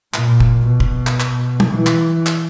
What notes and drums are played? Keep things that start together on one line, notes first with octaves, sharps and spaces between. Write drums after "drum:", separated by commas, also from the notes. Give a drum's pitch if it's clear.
A#2, drum: clap
drum: kick
B2
drum: kick
drum: clap
drum: clap
drum: tom
E3
drum: clap
drum: clap